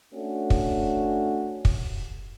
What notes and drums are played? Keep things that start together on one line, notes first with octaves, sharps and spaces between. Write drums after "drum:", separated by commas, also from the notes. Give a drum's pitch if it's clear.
A3 C#4 D4 F#4
drum: kick
drum: kick